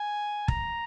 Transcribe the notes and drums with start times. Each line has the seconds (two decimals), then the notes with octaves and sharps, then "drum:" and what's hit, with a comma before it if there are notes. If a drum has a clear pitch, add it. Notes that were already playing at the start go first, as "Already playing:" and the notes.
Already playing: G#5
0.48 A#5, drum: kick